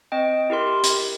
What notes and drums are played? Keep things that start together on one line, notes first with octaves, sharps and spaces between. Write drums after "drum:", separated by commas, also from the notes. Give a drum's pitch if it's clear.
C4 D#5 G5
E4 G4 A#4 C6
drum: hi-hat